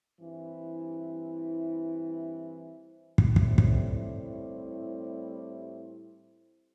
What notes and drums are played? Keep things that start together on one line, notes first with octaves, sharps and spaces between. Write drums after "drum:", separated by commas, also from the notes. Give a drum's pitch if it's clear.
G2 E3 C4 E4
drum: kick
A2 G3 C4 E4, drum: kick
drum: kick